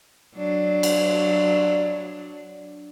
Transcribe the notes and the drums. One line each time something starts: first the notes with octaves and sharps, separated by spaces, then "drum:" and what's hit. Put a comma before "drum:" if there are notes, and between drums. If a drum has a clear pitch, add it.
F#3 D4
drum: cymbal